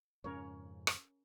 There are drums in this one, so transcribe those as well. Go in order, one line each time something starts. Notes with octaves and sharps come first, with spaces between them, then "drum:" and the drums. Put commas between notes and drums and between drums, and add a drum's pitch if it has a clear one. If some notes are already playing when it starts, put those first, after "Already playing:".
F2 G#2 C#3 C#4 A#4 C#5
drum: rim click